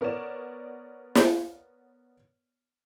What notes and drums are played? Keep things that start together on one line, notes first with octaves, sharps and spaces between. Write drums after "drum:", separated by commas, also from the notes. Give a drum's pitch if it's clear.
B3 A#4 C#5 D5 E7
drum: snare